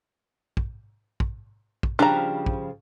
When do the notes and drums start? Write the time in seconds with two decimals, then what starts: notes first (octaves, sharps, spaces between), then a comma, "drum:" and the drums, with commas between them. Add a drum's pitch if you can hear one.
0.57 drum: kick
1.20 drum: kick
1.83 drum: kick
1.99 C#3 F3 G3 D4 A#5
2.46 drum: kick